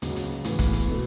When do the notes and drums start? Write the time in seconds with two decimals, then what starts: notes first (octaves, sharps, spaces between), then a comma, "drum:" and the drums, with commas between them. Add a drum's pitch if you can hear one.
0.02 C#2 C#3 F#3, drum: hi-hat
0.16 drum: hi-hat
0.44 A2 E3 B3, drum: hi-hat
0.59 drum: kick, hi-hat
0.73 drum: hi-hat
0.87 B2 A3